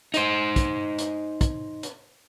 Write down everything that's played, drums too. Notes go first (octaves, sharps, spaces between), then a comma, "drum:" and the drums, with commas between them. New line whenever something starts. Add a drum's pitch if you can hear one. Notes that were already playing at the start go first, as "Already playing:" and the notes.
D#4 C5, drum: hi-hat
drum: kick, hi-hat
drum: hi-hat
drum: kick, hi-hat
drum: hi-hat